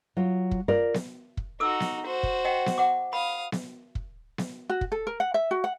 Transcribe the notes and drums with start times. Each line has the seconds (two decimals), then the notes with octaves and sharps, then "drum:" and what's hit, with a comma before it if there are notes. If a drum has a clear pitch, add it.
0.17 F#3 F4
0.51 drum: kick
0.68 F4 A#4 D5
0.94 drum: snare B3
1.37 drum: kick
1.60 D#4 F#4 A4 D6 E6
1.80 drum: snare B3
2.05 F#4 C5
2.23 drum: kick
2.45 D#5 F#5 G5
2.66 drum: snare B3
2.78 F#5 D6
3.13 F5 B5 D#6
3.52 drum: snare B3
3.95 drum: kick
4.38 drum: snare B3
4.69 F#4
4.81 drum: kick
4.92 A4
5.07 A#4
5.20 F#5
5.34 E5
5.51 F#4
5.64 F#5